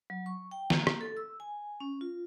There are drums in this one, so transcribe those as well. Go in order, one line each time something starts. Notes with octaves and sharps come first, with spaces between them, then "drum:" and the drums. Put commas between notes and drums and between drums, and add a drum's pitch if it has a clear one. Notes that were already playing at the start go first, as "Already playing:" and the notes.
F#3
C#6
G5
A#3, drum: snare
drum: rim click
A4
E6
G#5
C#4
F4